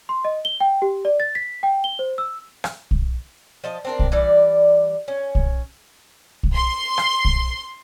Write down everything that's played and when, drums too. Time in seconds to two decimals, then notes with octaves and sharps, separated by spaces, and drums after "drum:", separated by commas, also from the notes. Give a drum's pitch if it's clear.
0.09 C6
0.25 D#5
0.45 G7
0.60 G5
0.82 G4
1.05 D5
1.20 A6
1.35 B6
1.63 G5
1.84 G7
1.99 C5
2.18 E6
2.64 drum: rim click
2.91 drum: kick
3.64 F3 D#5 A5
3.85 C4 D4 A#4
3.99 drum: kick
4.12 E3 G3 D5
5.08 C#4
5.35 drum: kick
6.43 drum: kick
6.55 C6
6.98 drum: rim click
7.25 drum: kick